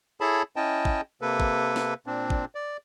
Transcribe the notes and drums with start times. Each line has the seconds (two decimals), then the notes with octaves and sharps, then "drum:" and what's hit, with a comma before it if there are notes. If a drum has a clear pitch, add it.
0.21 E4 G#4 A4 C#5 A5 B5
0.56 C#4 E4 D#5 G5 A5
0.85 drum: kick
1.22 C3 A#3 A4 B4
1.40 drum: kick
1.76 drum: snare
2.06 A#2 C4 D4
2.30 drum: kick
2.55 D5